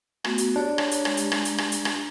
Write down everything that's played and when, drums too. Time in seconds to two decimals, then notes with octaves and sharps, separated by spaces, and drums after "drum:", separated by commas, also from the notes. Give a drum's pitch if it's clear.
0.24 A3 B3 F#4, drum: rim click
0.38 drum: hi-hat
0.56 D4 G4 C#5
0.78 drum: rim click
0.91 drum: hi-hat
1.05 G#3, drum: rim click
1.17 G#3 G4, drum: hi-hat
1.32 drum: rim click
1.45 drum: hi-hat
1.58 drum: rim click
1.72 drum: hi-hat
1.85 drum: rim click